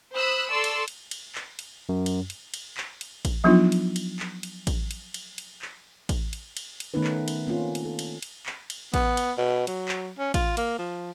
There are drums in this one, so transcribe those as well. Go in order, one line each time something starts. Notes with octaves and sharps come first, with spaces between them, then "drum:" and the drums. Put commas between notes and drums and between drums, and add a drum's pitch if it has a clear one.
C5 B5 D#6 E6 F#6
A4 D5 C6 C#6 E6
drum: cymbal
drum: cymbal
drum: cymbal
drum: clap
drum: cymbal
F#2
drum: cymbal
drum: cymbal
drum: cymbal
drum: clap
drum: cymbal
drum: kick A1, cymbal
F3 F#3 B3 D4 D#4 F4
drum: cymbal
drum: cymbal
drum: clap
drum: cymbal
drum: kick A1, cymbal
drum: cymbal
drum: cymbal
drum: cymbal
drum: clap
drum: kick A1, cymbal
drum: cymbal
drum: cymbal
drum: cymbal
D#3 A3 B3 C#4 D#4 B4
drum: clap
drum: cymbal
A#3 C4 C#4 F4
drum: cymbal
A4
drum: cymbal
drum: cymbal
drum: clap
drum: cymbal
B3, drum: kick A1, cymbal
drum: cymbal
B2
F#3, drum: cymbal
drum: clap
C#4
F4, drum: kick A1, cymbal
A#3, drum: cymbal
F3